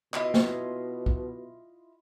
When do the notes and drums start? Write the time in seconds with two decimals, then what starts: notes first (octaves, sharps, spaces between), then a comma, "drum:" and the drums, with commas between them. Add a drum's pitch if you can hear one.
0.14 B2 E4 F4 D#5, drum: clap
0.34 drum: snare
1.06 drum: kick